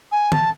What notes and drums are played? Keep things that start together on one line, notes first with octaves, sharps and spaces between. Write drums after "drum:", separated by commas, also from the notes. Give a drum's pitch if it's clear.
G#5
A5, drum: tom